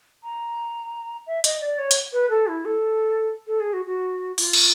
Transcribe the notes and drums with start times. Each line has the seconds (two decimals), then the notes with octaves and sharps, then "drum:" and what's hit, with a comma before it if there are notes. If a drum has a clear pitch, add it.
0.23 A#5
1.27 E5
1.44 D#5, drum: hi-hat
1.61 D5
1.78 C#5
1.91 drum: hi-hat
2.13 B4
2.30 A4
2.47 E4
2.65 A4
3.47 A4
3.60 G#4
3.73 F#4
3.86 F#4
4.38 F4, drum: open hi-hat
4.53 drum: cymbal